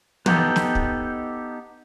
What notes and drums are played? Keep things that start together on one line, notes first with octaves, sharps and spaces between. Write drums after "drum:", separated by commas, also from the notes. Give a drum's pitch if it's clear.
B3 D#4 G4 A4, drum: tom
drum: snare
drum: kick